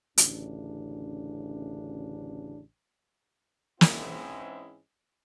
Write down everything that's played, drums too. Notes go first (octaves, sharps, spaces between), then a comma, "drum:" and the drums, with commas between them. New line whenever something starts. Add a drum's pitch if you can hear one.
A1 D2 C#3 D4, drum: hi-hat
G#2 E3 G#3 C4 C#4 E4, drum: snare